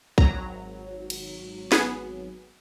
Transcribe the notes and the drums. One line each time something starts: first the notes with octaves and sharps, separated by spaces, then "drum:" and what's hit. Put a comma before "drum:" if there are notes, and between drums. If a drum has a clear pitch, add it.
G#1 F#3 A#5, drum: kick
drum: cymbal
B3 G#4, drum: snare